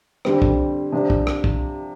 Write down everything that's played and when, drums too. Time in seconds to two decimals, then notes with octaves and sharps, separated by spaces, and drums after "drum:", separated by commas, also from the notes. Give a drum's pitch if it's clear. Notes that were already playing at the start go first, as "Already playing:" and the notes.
0.25 F2 D3 G3 C4, drum: rim click
0.42 drum: kick
0.92 C3 F3 D4
1.10 drum: kick
1.27 drum: rim click
1.44 drum: kick